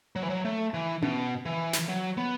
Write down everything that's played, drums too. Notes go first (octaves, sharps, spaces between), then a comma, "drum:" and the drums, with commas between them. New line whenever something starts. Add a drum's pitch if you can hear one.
F#3
E3
F#3
A3
E3
B2, drum: tom C#4
E3
drum: snare
F#3
B3